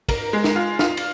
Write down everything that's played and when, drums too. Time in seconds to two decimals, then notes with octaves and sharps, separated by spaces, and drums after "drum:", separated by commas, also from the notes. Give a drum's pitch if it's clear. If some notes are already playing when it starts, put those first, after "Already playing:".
0.09 A#4, drum: kick, cymbal
0.33 G#3
0.44 drum: snare
0.56 F4
0.79 F4, drum: snare
0.97 drum: cymbal